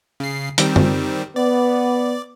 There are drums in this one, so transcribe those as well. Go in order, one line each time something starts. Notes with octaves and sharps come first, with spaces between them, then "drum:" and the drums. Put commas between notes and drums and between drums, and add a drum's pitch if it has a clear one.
C#3 C7
D#3 G3 C4, drum: hi-hat
drum: tom
B3 D5